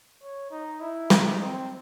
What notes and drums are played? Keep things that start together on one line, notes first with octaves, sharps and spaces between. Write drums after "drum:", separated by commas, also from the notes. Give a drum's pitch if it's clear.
C#5
D#4
E4
D#4, drum: snare
C4